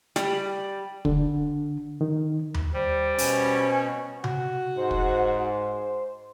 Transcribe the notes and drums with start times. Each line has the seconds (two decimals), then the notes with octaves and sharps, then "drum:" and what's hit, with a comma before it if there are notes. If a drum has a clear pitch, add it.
0.16 G3, drum: snare
1.05 D3, drum: kick
2.01 D#3
2.54 drum: tom D#2
2.73 G3 C5
3.18 B2 C#4, drum: open hi-hat
4.24 F#4, drum: tom C3
4.77 G#2 C5
4.91 drum: kick